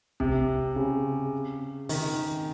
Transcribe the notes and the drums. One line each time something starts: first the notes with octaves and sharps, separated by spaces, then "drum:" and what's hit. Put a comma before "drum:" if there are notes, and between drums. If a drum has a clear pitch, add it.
C3, drum: kick
C#3
D#3, drum: open hi-hat